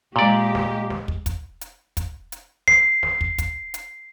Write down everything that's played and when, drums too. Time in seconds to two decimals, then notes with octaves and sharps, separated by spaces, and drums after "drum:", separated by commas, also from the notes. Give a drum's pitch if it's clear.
0.16 A#2 G#3 G4 D5
0.55 drum: snare
0.90 drum: snare
1.08 drum: kick
1.26 drum: kick, hi-hat
1.61 drum: hi-hat
1.97 drum: kick, hi-hat
2.32 drum: hi-hat
2.68 C7, drum: snare
3.03 drum: snare
3.21 drum: kick
3.38 drum: kick, hi-hat
3.74 drum: hi-hat